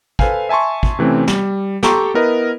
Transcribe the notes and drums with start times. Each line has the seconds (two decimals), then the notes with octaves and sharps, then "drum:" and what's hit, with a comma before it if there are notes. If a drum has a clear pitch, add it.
0.19 A4 B4 C5 F5 G#5, drum: kick
0.49 E5 G#5 A5 C6 C#6
0.83 drum: kick
0.99 C3 E3 A3 C4 C#4
1.28 G3, drum: snare
1.83 G4 A4 G5 A#5 C6 C#6, drum: snare
2.14 B3 E4 A#4 B4 D#5